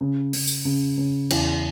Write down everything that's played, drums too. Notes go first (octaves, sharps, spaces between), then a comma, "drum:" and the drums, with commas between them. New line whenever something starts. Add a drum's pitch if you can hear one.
C#3
C#3, drum: open hi-hat
drum: tambourine
C#3
C#3
E2, drum: cymbal